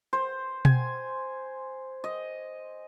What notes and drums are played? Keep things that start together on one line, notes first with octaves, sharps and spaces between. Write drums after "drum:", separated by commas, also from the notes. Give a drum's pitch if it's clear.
C5
G#5, drum: tom B2
D#5